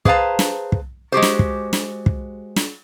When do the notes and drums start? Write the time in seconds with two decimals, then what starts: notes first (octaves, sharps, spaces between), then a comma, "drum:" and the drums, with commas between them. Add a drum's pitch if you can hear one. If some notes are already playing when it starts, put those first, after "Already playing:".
0.05 G#4 B4 C5 F5 A5 A#5, drum: kick
0.39 drum: snare
0.72 drum: kick
1.12 G#3 F#4 G4 C5
1.22 drum: snare
1.39 drum: kick
1.73 drum: snare
2.06 drum: kick
2.56 drum: snare